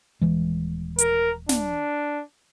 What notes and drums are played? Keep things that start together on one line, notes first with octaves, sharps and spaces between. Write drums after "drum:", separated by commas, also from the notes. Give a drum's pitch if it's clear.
D#1 E3 G#3
A#4, drum: hi-hat
D4, drum: snare